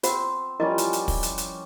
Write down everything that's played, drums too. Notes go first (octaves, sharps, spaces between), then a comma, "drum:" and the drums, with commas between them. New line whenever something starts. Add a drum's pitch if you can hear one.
C4 F4 C5 F#5, drum: hi-hat
F3 G3 C#4 E4 A#4 D#5
drum: hi-hat
drum: hi-hat
drum: kick, open hi-hat
drum: hi-hat
drum: hi-hat